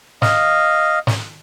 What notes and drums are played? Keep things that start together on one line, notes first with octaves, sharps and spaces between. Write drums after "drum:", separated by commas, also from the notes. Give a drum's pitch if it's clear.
D#5 F5, drum: snare
drum: snare